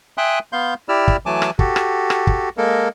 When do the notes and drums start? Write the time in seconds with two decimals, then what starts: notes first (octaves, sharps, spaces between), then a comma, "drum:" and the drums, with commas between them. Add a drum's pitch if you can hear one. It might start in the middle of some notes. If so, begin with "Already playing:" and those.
0.18 E5 G5 G#5 C6 D#6 F#6
0.53 B3 F5 C6 G6
0.89 E4 G4 D5 E6 F6
1.08 drum: kick
1.26 E3 F#3 A3 G#5 A5 D6
1.42 drum: rim click
1.59 F#4 G4 A4, drum: kick
1.76 drum: rim click
2.10 drum: rim click
2.27 drum: kick
2.57 G#3 A#3 A4 A#4